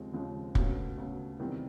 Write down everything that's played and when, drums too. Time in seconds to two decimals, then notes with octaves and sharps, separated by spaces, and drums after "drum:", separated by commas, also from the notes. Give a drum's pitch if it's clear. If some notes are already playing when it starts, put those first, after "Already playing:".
Already playing: D#2 C#3 F3 G#3 C4
0.13 D#2 C#3 F3 G#3 C4
0.55 D2 C#3 F#3 B3, drum: kick
0.98 D2 C#3 F#3 B3
1.39 E2 C3 D#3 G3 C4